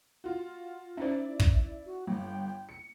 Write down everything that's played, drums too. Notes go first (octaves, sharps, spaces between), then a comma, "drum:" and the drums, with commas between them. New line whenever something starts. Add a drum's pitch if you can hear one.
F4 F#4
C#4 D#4 E4 C5 D5
drum: kick
F#4
G1 G5
C#7